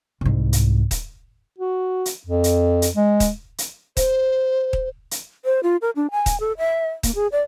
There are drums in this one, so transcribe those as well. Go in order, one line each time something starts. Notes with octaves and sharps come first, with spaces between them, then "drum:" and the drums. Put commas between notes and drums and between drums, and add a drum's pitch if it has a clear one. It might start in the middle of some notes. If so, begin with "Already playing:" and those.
C2 G#2
drum: hi-hat
drum: kick D#1, hi-hat
F#4
drum: hi-hat
F2
drum: hi-hat
drum: hi-hat
G#3
drum: kick D#1, hi-hat
drum: hi-hat
C5, drum: kick D#1, hi-hat
drum: kick D#1
drum: hi-hat
C5
F4
A#4
D4
G#5
drum: kick D#1, hi-hat
A4
E5
A#3, drum: kick D#1, hi-hat
G#4
D5